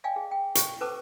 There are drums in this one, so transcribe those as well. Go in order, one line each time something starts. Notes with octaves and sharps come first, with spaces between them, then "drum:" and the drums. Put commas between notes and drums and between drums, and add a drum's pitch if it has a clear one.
D5 D#5 F5 G5 G#5
G#4
G5
C#6, drum: hi-hat
C#4 A4 B4 C5 A5 D6